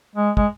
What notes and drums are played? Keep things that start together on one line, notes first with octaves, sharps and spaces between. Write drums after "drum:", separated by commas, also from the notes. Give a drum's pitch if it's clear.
G#3
G#3, drum: kick